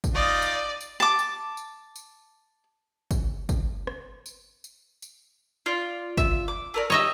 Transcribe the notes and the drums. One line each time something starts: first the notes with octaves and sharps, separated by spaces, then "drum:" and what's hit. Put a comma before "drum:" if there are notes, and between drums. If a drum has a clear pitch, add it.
drum: kick, tambourine
D#4 F4 D5 D#5
drum: tambourine
drum: tambourine
A5 D6
drum: tambourine
drum: tambourine
drum: tambourine
drum: kick, tambourine
drum: kick, tambourine
drum: rim click
drum: tambourine
drum: tambourine
drum: tambourine
F4 D5
E5, drum: kick, tambourine
D6
A3 A#4 D5
D#4 G4 C#5 D#5 E5